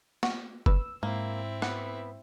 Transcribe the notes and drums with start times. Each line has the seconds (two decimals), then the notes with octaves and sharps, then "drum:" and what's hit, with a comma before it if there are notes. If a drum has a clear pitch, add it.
0.23 F#4, drum: snare
0.66 B4 E6, drum: kick F#1
1.03 G#2 A#3 C4 E4
1.62 B3 F#5, drum: rim click